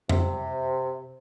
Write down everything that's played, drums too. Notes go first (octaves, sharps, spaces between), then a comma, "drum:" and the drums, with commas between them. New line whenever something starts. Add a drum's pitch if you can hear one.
C3, drum: tom F2